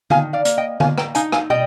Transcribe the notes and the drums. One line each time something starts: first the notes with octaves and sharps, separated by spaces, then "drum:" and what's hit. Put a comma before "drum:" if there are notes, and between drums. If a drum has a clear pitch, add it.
D#3 F5 G#5, drum: tom D3
D5 F5
A#3, drum: hi-hat
D#5 G5
A#3 F5 G#5, drum: tom D3
G5 A#5, drum: rim click
D#4 F5 G#5, drum: hi-hat
F5 G#5, drum: rim click
G3 D#5 G5, drum: tom